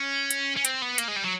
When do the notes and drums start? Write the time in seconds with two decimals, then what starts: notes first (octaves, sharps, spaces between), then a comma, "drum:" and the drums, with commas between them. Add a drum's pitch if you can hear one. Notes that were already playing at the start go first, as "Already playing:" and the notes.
Already playing: C#4
0.31 drum: hi-hat
0.57 C#4
0.65 C4, drum: hi-hat
0.82 B3
0.98 A#3, drum: hi-hat
1.08 G#3
1.16 G3
1.24 F#3